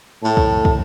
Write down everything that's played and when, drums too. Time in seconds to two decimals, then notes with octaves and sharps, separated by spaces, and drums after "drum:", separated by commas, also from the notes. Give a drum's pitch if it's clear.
0.23 A2 A5
0.37 drum: kick
0.65 drum: kick